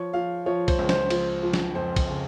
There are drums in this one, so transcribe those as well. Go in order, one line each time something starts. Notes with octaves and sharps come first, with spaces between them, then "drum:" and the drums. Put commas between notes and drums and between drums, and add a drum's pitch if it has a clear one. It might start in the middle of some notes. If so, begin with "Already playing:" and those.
Already playing: F3 C#5
F3 F5
F3 C#5
C5, drum: kick, cymbal
C#2
C5, drum: snare
F3, drum: cymbal
F3
drum: snare
F2 C5
drum: kick, cymbal
C#3